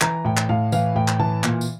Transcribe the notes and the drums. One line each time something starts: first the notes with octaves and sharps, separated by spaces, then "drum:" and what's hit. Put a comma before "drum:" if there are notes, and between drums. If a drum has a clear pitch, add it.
E3 A#5, drum: clap
A2 G5
drum: clap
A2 F5
E3 F5, drum: tambourine
A2 G5
drum: clap
E3 A5
A#2, drum: clap
drum: tambourine